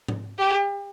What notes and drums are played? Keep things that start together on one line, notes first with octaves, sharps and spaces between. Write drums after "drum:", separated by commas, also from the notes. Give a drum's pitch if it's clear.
drum: tom G#2
G4